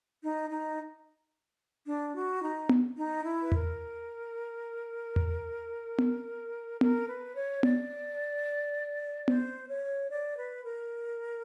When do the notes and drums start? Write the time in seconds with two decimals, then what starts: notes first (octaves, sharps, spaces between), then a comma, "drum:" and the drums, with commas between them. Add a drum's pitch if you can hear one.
0.23 D#4
0.50 D#4
1.87 D4
2.14 F#4
2.41 D#4
2.69 drum: tom B3
2.97 D#4
3.24 E4
3.42 B4
3.52 A#4, drum: tom E2
5.16 drum: tom E2
5.98 drum: tom B3
6.81 A#4, drum: tom B3
7.08 B4
7.36 C#5
7.63 D5, drum: tom B3
9.28 C5, drum: tom B3
9.69 C#5
10.09 D5
10.37 B4
10.65 A#4